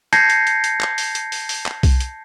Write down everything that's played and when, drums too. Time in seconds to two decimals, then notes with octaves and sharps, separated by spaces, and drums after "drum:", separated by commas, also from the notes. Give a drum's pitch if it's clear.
0.13 A5 G6 G#6 A#6 C7 C#7, drum: hi-hat
0.30 drum: hi-hat
0.47 drum: hi-hat
0.64 drum: hi-hat
0.81 drum: clap
0.98 drum: open hi-hat
1.15 drum: hi-hat
1.32 drum: open hi-hat
1.49 drum: open hi-hat
1.66 drum: clap
1.83 drum: kick B1, open hi-hat
2.00 drum: hi-hat